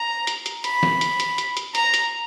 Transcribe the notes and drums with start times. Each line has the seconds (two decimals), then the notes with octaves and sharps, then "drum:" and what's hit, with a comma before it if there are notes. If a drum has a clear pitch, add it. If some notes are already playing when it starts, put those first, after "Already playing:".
Already playing: A#5
0.27 drum: hi-hat
0.46 drum: hi-hat
0.64 B5, drum: hi-hat
0.83 drum: snare
1.01 drum: hi-hat
1.20 drum: hi-hat
1.38 drum: hi-hat
1.57 drum: hi-hat
1.75 A#5, drum: hi-hat
1.94 drum: hi-hat